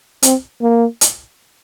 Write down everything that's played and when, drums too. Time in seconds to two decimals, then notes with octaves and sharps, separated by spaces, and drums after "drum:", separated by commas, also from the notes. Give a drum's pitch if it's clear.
0.23 C4, drum: hi-hat
0.61 A#3
1.01 drum: hi-hat